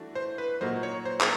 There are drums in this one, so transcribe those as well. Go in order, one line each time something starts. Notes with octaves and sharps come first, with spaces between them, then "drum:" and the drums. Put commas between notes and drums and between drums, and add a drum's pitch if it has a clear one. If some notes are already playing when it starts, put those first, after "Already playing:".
Already playing: E3 A3 D4 F#4
C5
B4
A#2 F#3 A#3 D#4 F#4 C5
C#5
C5
drum: clap